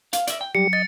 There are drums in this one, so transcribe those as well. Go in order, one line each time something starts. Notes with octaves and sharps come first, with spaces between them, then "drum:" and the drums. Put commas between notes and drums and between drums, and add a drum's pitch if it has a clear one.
F5, drum: hi-hat
D5 E5, drum: hi-hat
G5
F#3 G3 G4 C#7
D#5 A6